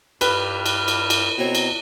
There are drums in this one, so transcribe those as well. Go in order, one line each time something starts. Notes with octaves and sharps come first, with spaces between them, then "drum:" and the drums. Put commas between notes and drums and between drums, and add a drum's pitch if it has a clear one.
G2 G4 B4 F6, drum: cymbal
drum: cymbal
drum: cymbal
drum: cymbal
B2 C4 C#5 A#5
drum: cymbal